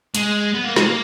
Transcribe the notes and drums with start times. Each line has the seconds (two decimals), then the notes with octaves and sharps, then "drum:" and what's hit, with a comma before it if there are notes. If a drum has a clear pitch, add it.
0.15 G#3, drum: hi-hat
0.54 B3
0.64 A#3
0.76 G#3, drum: snare
0.87 A#3